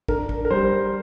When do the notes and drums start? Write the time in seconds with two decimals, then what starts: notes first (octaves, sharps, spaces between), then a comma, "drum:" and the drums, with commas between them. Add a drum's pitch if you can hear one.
0.08 D4 A#4, drum: kick
0.29 drum: kick
0.45 A#4
0.50 G3 C5